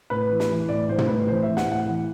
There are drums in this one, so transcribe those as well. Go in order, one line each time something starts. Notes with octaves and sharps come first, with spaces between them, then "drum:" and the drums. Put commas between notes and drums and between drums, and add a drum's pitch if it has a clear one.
A2 B4
E3
drum: snare
E3
A2 D5
A2 C5
drum: tom
A2 B4
E3 C5
E3 E5
F#5, drum: snare
A2
F#5
E3